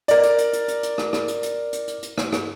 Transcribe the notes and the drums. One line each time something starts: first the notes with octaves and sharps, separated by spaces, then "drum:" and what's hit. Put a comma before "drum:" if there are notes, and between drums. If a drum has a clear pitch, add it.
A#4 D5, drum: hi-hat
drum: hi-hat
drum: hi-hat
drum: hi-hat
drum: hi-hat
drum: hi-hat
drum: rim click
drum: rim click
drum: hi-hat
drum: hi-hat
drum: hi-hat
drum: hi-hat
drum: hi-hat
drum: rim click
drum: rim click